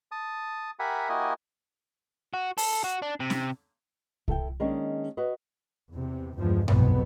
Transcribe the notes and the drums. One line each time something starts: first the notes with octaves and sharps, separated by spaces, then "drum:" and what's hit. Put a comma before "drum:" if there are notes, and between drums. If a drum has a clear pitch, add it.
A5 D#6
G4 A#4 E5 F#5 G#5 B5
A#3 E4 F#4 G4 D#5 G#5
F#4
A4, drum: open hi-hat
F#4
D4
C3
drum: snare
E4 A4 F#5 G5, drum: kick C2
D#3 G#3 A#3 C#4 D4
F#4 B4 C#5 D#5
E2 C3
E2 G2 F3 G#3
F1 B1 F2 G#2 B2 B3, drum: tom G2